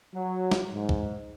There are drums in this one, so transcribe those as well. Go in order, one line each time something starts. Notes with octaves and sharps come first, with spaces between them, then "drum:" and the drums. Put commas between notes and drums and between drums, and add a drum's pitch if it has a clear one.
F#3
drum: snare
G#2
drum: kick